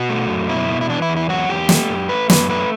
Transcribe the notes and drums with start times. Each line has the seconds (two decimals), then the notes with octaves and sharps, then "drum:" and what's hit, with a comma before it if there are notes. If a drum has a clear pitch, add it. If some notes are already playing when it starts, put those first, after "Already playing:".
Already playing: B2 F#4
0.10 A3
0.29 F#2
0.49 B2 E4
0.69 B2
0.81 E4
0.89 E3 D4
1.02 E4
1.09 E2
1.16 E4
1.29 F#3 F#4
1.49 E2 G4
1.69 A3, drum: snare
1.89 F#2
2.09 A3 B4
2.30 F#2 B4, drum: snare
2.49 A3 B4